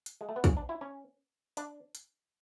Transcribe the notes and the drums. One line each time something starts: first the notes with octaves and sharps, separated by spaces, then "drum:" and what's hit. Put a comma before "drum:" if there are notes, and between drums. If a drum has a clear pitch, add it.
drum: hi-hat
G#3
A3
B3
C#4, drum: kick, hi-hat
D4
E4
C#4
D4, drum: hi-hat
drum: hi-hat